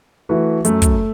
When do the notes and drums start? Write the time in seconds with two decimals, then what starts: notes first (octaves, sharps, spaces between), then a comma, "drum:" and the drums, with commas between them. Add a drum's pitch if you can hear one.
0.29 E3 A3 F#4 B4
0.65 F#2 A3, drum: hi-hat
0.82 drum: kick, hi-hat